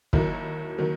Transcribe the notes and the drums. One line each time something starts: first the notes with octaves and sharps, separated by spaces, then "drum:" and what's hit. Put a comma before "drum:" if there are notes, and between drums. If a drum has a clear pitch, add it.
D#2 D#3 F#3 A#3 E4, drum: kick
D#3 F#3 A#3